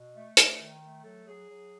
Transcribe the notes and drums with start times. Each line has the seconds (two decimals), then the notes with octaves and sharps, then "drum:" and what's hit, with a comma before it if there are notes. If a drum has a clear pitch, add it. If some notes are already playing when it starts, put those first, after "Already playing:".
Already playing: B2
0.15 A3
0.37 A3, drum: hi-hat
0.60 D#3
0.82 A3
1.04 F#3 A4
1.26 F#3 G#4
1.48 F#3